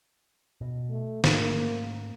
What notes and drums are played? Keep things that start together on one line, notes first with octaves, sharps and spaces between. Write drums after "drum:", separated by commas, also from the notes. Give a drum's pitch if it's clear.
B2
A3
G#2 A3 A#3 C#4, drum: snare